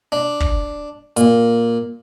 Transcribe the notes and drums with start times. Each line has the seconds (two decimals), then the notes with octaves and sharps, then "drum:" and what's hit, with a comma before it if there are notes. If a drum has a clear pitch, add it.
0.12 D4
0.40 drum: kick
1.17 A#2, drum: hi-hat